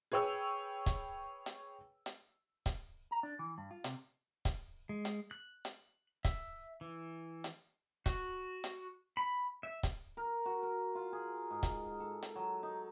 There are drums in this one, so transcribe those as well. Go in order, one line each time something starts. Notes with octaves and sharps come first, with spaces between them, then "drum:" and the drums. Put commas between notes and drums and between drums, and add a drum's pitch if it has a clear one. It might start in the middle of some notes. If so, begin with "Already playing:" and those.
G#4 B4 C#5 G5 E6
drum: kick, hi-hat
drum: hi-hat
drum: hi-hat
drum: kick, hi-hat
A#5
D4
E3
G2
F4
C3, drum: hi-hat
drum: kick, hi-hat
G#3
drum: hi-hat
F#6
drum: hi-hat
E5, drum: kick, hi-hat
E3
drum: hi-hat
F#4, drum: kick, hi-hat
drum: hi-hat
B5
E5
drum: kick, hi-hat
A#4
F#4
A#4
F4
G#4
G#2
drum: kick, hi-hat
A4
drum: hi-hat
F#3
D#4